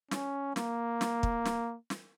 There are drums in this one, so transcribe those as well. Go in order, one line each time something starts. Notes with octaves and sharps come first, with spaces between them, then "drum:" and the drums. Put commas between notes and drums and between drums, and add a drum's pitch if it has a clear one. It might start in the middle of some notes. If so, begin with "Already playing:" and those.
C#4, drum: snare
A#3, drum: snare
drum: snare
drum: kick
drum: snare
drum: snare